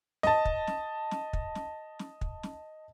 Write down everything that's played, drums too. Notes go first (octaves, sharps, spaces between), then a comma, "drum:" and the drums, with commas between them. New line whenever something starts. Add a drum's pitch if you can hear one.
D#5 A5, drum: snare
drum: kick
drum: snare
drum: snare
drum: kick
drum: snare
drum: snare
drum: kick
drum: snare